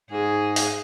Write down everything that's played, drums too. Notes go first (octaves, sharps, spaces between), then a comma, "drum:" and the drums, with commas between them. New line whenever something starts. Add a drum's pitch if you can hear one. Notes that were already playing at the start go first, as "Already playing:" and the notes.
G#2 G#4
drum: open hi-hat